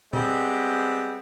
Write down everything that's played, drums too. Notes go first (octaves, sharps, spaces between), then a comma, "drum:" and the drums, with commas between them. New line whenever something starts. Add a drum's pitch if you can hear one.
G3 G#3 B3 C4, drum: tom A#2